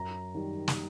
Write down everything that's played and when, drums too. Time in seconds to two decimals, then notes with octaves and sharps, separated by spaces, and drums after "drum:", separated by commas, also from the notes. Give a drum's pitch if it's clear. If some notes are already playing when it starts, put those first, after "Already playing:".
Already playing: F#2 A#5
0.35 D#3 G3
0.68 drum: snare